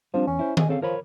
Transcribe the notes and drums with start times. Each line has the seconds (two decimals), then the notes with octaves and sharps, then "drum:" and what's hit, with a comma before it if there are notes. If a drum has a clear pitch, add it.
0.14 F3 G3 C4 D4
0.27 E2 C#4
0.39 E4 C5
0.57 G#4 D#5 G#5, drum: tom D#3
0.69 C#3 C4 A4 F5
0.82 F3 A#4 C#5 B5